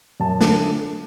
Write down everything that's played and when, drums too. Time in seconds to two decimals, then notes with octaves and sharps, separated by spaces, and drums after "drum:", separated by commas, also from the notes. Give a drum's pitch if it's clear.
0.20 F#2 A5
0.41 D3, drum: snare